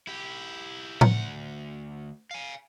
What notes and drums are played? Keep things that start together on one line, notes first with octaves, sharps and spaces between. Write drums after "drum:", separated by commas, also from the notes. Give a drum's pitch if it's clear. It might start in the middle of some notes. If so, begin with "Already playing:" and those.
E4 G4
D2 F#5, drum: tom A2
F5 G#5